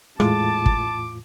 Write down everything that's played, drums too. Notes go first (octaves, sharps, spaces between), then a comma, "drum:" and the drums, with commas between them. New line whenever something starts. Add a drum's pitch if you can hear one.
E2 A2 G#3 F4 A5 D6, drum: rim click
drum: kick